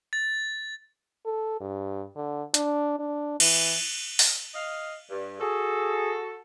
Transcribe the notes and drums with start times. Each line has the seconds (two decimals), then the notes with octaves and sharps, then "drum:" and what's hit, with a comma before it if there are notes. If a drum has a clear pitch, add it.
0.13 A6
1.26 A4
1.60 G2
2.15 D3
2.54 D4, drum: hi-hat
2.99 D4
3.40 E3, drum: cymbal
4.19 drum: open hi-hat
4.54 D#5 F5
5.09 G2
5.39 F#4 G#4 A4